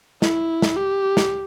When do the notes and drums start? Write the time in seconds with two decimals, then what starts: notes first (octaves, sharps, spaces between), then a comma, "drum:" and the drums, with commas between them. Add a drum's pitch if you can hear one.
0.22 E4, drum: snare
0.62 drum: snare
0.77 G4
1.17 drum: snare